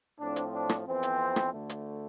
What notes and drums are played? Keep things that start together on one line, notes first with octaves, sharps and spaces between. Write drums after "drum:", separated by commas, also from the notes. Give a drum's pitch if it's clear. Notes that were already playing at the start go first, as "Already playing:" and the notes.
A2 F3 C4 D4
drum: hi-hat
D4
drum: rim click
F2 E3 B3 C4
drum: hi-hat
drum: rim click
D2 D3 A3
drum: hi-hat